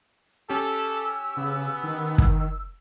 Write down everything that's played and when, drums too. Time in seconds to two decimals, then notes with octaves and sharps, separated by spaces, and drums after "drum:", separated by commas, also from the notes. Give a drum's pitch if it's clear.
0.50 C#4 G4 A4 E6
1.37 C#3 B3
1.83 D#3
2.18 drum: kick